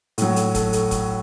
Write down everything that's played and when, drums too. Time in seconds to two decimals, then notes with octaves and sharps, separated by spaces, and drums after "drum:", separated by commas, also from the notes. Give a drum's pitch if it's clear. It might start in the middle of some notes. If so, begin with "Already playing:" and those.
0.18 A2 F#3, drum: hi-hat
0.36 drum: hi-hat
0.54 A4, drum: kick F1, hi-hat
0.73 drum: hi-hat
0.91 drum: kick F1, hi-hat